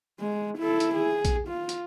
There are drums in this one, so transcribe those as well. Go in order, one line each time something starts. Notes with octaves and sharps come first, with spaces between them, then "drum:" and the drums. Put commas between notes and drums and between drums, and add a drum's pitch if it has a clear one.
G#3
E4 A4
drum: hi-hat
G#4
drum: kick A#1, hi-hat
F4
drum: hi-hat